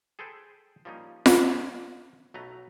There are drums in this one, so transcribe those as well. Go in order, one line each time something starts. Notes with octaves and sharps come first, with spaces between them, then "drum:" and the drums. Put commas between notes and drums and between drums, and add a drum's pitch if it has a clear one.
G#4 A4 B4 C5 G5
F3 G3 A#3 C#4 D#4
drum: snare F4
F4 C#5 E5
B1 F#3 A3 B4 A#5